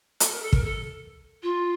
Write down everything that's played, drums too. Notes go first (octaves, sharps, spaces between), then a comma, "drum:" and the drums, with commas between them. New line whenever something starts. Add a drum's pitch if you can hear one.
A4, drum: hi-hat
A#4
A4
A#4, drum: kick
A4
F4